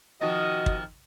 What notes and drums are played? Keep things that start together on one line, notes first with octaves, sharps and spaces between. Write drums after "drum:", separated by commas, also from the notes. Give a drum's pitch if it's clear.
C3 D#3 F3 F#4 D#5
drum: kick